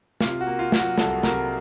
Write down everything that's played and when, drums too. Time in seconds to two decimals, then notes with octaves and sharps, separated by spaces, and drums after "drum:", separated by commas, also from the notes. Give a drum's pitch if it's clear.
0.20 C3 F4, drum: snare
0.41 F#4
0.47 A#3
0.59 F4
0.72 F#3, drum: snare
0.79 F#4
0.98 C2 A4, drum: snare
1.23 C3 A#4, drum: snare